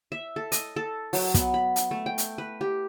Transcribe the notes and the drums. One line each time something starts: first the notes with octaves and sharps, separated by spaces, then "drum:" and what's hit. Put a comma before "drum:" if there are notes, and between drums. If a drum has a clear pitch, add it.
E5
A4
D#5, drum: hi-hat
A4
F#3, drum: open hi-hat
B3, drum: kick, hi-hat
B5
drum: hi-hat
A3
G5
drum: hi-hat
B4
G4